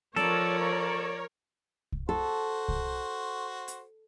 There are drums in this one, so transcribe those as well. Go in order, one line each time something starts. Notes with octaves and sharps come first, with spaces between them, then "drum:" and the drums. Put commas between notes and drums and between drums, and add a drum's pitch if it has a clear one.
F3 A4 A#4 C#5 D5, drum: snare C4
drum: kick C2
F#4 A4 C5
drum: kick C2
drum: hi-hat